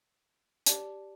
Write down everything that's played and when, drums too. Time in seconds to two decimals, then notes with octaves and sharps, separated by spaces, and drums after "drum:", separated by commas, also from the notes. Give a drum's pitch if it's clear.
0.66 G4 D5 A5, drum: hi-hat